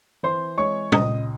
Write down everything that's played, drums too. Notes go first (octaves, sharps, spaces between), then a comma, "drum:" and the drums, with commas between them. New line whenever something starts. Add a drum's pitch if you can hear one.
E3 C5 C6
G#3 C#5 C#6
C#2 D#5 D#6, drum: tom